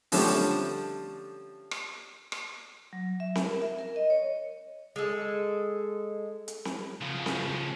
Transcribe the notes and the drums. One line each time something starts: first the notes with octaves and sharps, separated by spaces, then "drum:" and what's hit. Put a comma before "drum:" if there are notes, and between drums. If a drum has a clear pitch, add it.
D3 F3 G3 A3 C#4 D4, drum: open hi-hat
drum: rim click
drum: rim click
F#3
E5
drum: snare C4
A#4
E5
A#4
D#5
C#5
G#3 A4
drum: hi-hat
drum: snare C4
C#3 F3
drum: snare C4